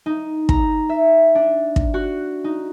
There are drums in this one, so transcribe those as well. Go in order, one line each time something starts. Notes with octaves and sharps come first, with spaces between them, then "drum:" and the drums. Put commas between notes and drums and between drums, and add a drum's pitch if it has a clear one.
D#4
A#5, drum: kick
E5
D4
drum: kick
F#4
D#4